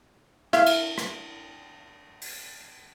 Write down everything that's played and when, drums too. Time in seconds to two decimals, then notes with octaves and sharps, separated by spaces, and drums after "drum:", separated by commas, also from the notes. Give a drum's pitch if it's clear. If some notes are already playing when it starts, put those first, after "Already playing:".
0.53 E4 E5 F5, drum: rim click
0.66 drum: cymbal
0.98 drum: rim click
2.22 drum: open hi-hat